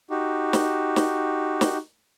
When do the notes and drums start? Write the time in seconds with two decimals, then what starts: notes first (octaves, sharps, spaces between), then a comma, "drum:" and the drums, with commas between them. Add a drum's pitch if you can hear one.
0.10 D#4 F#4 G4
0.53 drum: snare
0.96 drum: snare
1.61 drum: snare